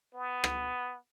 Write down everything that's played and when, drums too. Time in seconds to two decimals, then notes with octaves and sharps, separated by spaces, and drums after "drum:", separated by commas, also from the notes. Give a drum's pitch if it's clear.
0.14 B3
0.44 drum: rim click